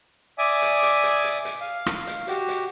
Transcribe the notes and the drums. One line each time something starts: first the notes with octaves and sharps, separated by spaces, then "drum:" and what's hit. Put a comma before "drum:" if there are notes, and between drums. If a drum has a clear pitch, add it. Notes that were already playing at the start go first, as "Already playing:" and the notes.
D5 E5 G#5 D6 D#6
drum: hi-hat
drum: hi-hat
drum: hi-hat
drum: hi-hat
drum: hi-hat
F5
drum: rim click
drum: hi-hat
F#4 G4, drum: hi-hat
drum: hi-hat